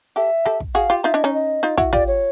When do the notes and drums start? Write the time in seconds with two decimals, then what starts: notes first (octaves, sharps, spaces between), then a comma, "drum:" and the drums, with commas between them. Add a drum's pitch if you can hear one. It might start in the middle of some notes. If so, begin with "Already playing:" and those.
0.16 G4 A4 E5
0.45 G4 A4, drum: rim click
0.60 drum: kick
0.75 F#4 G#4 F5
0.90 F4 G4
1.04 D#4 F4 E5
1.14 D4 E4 D#5
1.24 C#4 D#4 C#5
1.34 D#5
1.63 D#4 F4
1.77 E4 F#4, drum: kick
1.93 F4 G4 D5, drum: kick
2.08 C#5